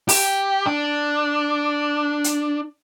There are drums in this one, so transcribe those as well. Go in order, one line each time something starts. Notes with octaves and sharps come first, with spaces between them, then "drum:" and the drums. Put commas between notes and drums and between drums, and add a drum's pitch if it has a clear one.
G4, drum: open hi-hat
D4
drum: hi-hat